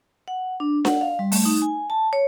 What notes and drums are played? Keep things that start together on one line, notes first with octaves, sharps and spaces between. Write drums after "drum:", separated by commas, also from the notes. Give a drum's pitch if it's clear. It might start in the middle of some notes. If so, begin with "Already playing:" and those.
F#5
D4
F#5, drum: snare D4
F5
G3
A3, drum: open hi-hat
D#4
G#5
A5
C#5